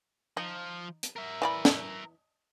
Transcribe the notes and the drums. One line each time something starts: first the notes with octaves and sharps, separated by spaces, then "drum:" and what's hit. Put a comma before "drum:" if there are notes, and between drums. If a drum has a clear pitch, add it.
F3 D#4
drum: hi-hat
A#4 E5
E3 D5 B5
drum: snare